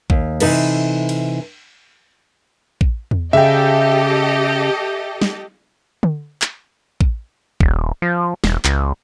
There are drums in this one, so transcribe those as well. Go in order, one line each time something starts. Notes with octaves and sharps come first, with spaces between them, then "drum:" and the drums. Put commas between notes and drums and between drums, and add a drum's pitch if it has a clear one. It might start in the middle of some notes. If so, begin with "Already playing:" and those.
D#2, drum: kick A1
C3 E3 D#4 A4 B4, drum: cymbal
drum: cymbal
drum: kick A1
drum: tom E2
C#3 G4 A4 D#5 E5 G5
drum: snare
drum: tom D3
drum: clap
drum: kick A1
D#1, drum: kick A1
F3
E1, drum: snare
C#2, drum: clap